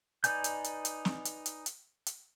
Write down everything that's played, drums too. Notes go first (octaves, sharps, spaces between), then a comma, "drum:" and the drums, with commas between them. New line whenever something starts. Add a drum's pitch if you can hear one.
D#4 B4 D5 G#5 G6, drum: hi-hat
drum: hi-hat
drum: hi-hat
drum: hi-hat
drum: snare
drum: hi-hat
drum: hi-hat
drum: hi-hat
drum: hi-hat